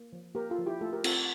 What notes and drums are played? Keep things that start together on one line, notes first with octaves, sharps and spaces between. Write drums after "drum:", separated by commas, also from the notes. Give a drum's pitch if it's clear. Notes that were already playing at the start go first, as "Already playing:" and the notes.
Already playing: A#3
F3
A#3 G4 A#4
F4 A4
F3
E4 G4
A3 F4 A4
G4 A#4
C4 F4 A4, drum: cymbal